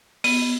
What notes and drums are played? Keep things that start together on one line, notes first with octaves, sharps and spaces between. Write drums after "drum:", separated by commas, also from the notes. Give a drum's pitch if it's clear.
B3, drum: open hi-hat